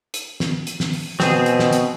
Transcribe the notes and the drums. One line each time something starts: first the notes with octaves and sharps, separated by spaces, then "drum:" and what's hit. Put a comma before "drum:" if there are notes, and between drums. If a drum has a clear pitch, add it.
drum: hi-hat
drum: snare
drum: hi-hat
drum: snare
drum: open hi-hat
B2 C4 G#4, drum: snare
drum: hi-hat
drum: snare
drum: hi-hat